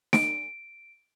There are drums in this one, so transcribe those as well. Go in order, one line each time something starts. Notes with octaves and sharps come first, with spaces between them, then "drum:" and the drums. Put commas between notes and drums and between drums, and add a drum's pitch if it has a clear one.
D7, drum: snare